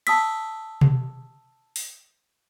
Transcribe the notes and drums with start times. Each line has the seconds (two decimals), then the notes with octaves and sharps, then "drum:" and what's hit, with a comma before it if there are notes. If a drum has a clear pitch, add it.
0.07 A5 D#6 E6 B6, drum: cymbal
0.81 drum: tom B2
1.76 drum: open hi-hat